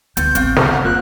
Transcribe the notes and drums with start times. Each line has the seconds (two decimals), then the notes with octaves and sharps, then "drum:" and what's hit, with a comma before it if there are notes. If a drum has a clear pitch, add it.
0.17 D2 B3 G6, drum: hi-hat
0.35 A1 C4 F5, drum: hi-hat
0.56 D3 C5 F6, drum: snare
0.69 F#5
0.84 F1 A#3 F4 A#4 F#6